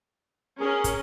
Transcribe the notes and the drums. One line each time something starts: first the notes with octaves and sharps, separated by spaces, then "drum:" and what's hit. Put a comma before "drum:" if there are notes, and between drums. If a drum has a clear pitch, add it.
C#4 G#4 A#4
drum: kick, hi-hat